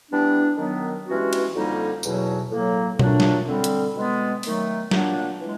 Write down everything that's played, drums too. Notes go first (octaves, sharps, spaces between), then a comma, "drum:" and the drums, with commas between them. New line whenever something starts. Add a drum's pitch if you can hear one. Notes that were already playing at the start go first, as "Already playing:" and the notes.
E3 G3 B3 D4
D#3 F#3 B3
G2 E3 G#3 C#4 F#4
drum: cymbal
F2 D3 G3 A#3 D#4
E2 B2 F#3, drum: tambourine
A2 F#3 A#3
A#2 F#3 A3 D4, drum: tom B2
drum: snare
D3 G3 C4
drum: hi-hat
B2 G#3 B3
D#3 F#3 A3, drum: open hi-hat
A#2 F#3 A#3 D4 F#4, drum: snare
E3 G#3